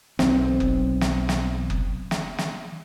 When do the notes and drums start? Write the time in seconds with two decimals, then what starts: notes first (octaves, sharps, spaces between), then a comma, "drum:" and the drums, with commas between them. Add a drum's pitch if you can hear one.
0.19 B1 C4, drum: snare
0.60 drum: kick F#1
1.01 drum: snare
1.29 drum: snare
1.70 drum: kick F#1
2.11 drum: snare
2.38 drum: snare